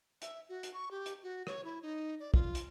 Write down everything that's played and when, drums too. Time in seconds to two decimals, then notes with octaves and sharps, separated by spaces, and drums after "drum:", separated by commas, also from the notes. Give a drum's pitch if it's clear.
0.22 E5, drum: hi-hat
0.49 F#4
0.63 drum: hi-hat
0.74 C#6
0.91 G4
1.06 drum: hi-hat
1.23 F#4
1.47 C#5, drum: rim click
1.65 E4
1.82 D#4
2.20 D5
2.34 F4, drum: kick
2.55 drum: hi-hat